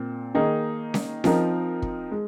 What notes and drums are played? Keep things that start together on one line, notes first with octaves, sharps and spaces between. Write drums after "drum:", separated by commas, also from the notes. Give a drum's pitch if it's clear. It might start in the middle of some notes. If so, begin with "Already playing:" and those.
Already playing: A#2 C4
D#3 A#3 D#4 G#4
drum: snare C#4
F3 C4 D#4 A#4, drum: snare C#4
drum: kick
G#3